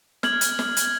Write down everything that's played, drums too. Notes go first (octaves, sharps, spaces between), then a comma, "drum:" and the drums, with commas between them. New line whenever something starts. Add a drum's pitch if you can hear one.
F6 G#6 F#7, drum: snare
drum: hi-hat
drum: snare
drum: hi-hat